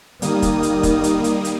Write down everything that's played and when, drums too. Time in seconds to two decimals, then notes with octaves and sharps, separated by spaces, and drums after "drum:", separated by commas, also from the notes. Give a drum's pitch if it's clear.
0.22 D#3 G3 A#3 D#6, drum: hi-hat
0.42 drum: kick, hi-hat
0.63 drum: hi-hat
0.83 drum: kick, hi-hat
1.04 drum: hi-hat
1.24 drum: hi-hat
1.45 drum: hi-hat